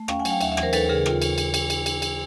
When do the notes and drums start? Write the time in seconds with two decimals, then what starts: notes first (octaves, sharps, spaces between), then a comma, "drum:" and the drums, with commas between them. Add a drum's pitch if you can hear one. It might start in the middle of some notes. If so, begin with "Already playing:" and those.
Already playing: A3
0.08 C#4 F5 G5, drum: rim click
0.19 F#5 G#5
0.25 F#3, drum: cymbal
0.30 F5 G5
0.41 D#2 E5 F#5, drum: cymbal
0.52 E5 F#5
0.57 E3, drum: rim click
0.62 A#4 C5
0.73 D#2 A4 B4, drum: cymbal
0.89 C#3 G#4 A#4
1.06 D#2 F4, drum: rim click
1.22 drum: cymbal
1.38 drum: cymbal
1.54 drum: cymbal
1.70 drum: cymbal
1.86 drum: cymbal
2.02 drum: cymbal